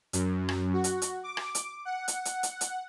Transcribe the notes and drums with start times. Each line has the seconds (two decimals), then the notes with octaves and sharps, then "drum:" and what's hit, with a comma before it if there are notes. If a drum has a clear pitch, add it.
0.13 F#2, drum: hi-hat
0.49 drum: rim click
0.73 F#4
0.84 drum: hi-hat
1.02 drum: hi-hat
1.23 D6
1.37 drum: rim click
1.55 drum: hi-hat
1.85 F#5
2.08 drum: hi-hat
2.25 drum: hi-hat
2.43 drum: hi-hat
2.61 drum: hi-hat